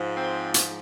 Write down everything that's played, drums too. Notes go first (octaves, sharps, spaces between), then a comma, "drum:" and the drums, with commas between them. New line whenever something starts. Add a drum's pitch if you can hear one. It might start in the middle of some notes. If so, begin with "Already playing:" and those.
Already playing: G#2 F3
C4
drum: hi-hat